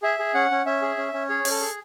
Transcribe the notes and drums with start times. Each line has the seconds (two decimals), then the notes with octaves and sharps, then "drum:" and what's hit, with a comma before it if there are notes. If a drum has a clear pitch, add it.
0.03 G#4 E5
0.19 G#4
0.34 C#4 F#5
0.51 C#4
0.66 C#4 E5
0.82 G#4
0.97 C#4
1.14 C#4
1.29 G#4 C#5
1.45 C#4, drum: open hi-hat
1.51 A4
1.61 G#4